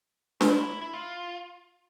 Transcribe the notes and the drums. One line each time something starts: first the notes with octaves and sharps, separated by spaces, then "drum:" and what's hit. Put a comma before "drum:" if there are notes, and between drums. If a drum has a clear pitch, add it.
F4, drum: snare D4
E4
E4
F4